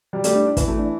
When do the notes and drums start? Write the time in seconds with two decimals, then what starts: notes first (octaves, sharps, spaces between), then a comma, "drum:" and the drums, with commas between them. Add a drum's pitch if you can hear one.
0.13 G3
0.24 G3 A3, drum: hi-hat
0.34 D4
0.46 D4
0.57 E3 B3, drum: kick, hi-hat
0.68 A3
0.78 D4